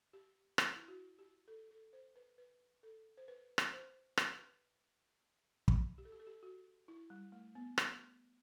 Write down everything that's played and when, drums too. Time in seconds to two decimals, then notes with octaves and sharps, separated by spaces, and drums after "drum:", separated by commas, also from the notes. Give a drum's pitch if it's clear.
0.13 G4
0.58 drum: rim click
0.76 E4
0.88 F#4
1.19 G4
1.48 A4
1.71 A4
1.93 C5
2.16 B4
2.38 B4
2.83 A4
3.17 C5
3.28 B4
3.58 drum: rim click
3.73 C5
4.17 B4, drum: rim click
5.68 drum: kick
5.98 G4
6.05 A4
6.12 G4
6.20 A4
6.27 G4
6.43 F#4
6.88 E4
7.10 G3
7.32 A3
7.55 B3
7.78 drum: rim click